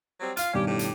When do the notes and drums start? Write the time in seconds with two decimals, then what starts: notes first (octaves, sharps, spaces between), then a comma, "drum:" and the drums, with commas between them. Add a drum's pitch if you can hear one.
0.20 F#3 G3 C4
0.37 F4 F5 F6, drum: hi-hat
0.54 G2 B2 D#3 C#4 G4
0.67 A2 G4
0.79 drum: hi-hat